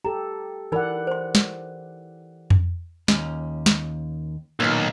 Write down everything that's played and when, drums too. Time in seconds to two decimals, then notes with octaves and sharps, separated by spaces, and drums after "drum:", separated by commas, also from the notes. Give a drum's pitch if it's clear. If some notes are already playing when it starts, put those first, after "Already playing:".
0.05 G4 A4 A#5
0.72 E3 D#4 A#4 D5 F#5 B5
1.07 C5 C6
1.35 drum: snare
2.50 drum: tom F2
3.08 D#2 C#4, drum: snare
3.66 drum: snare
4.60 B1 A#2 D#3 A#3